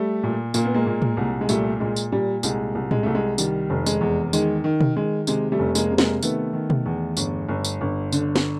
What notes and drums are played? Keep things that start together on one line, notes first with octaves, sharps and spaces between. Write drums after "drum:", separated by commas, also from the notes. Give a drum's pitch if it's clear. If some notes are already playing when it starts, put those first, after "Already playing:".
Already playing: G3 A3
A#2
A#2 A#3, drum: tambourine
B3
G#3 A#3
A#2
drum: tom A2
C2
G#3
A#2 G3 A3, drum: tambourine
A#2 G#3
drum: tambourine
A#2 G3
C2 G#3, drum: tambourine
C2
G#3, drum: tom A2
C2 A3
G#3
D#3 G3, drum: tambourine
F1
G#3, drum: tambourine
E2
D#3 G#3, drum: tambourine
D#3
drum: tom B2
D#3 G#3
C3 G#3, drum: tambourine
G3 A3
F1
G#3 A#3, drum: tambourine
C3
G#3 A#3, drum: snare
D#3 A3 B3, drum: tambourine
D#3
drum: tom B2
E2
G1, drum: tambourine
G1
drum: tambourine
G1
D3, drum: tambourine
drum: snare